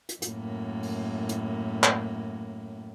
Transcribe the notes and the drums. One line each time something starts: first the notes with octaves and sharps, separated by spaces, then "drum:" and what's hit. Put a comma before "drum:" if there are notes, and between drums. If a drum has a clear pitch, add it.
drum: hi-hat
F#2 A2 A#3, drum: hi-hat
drum: open hi-hat
drum: hi-hat
drum: clap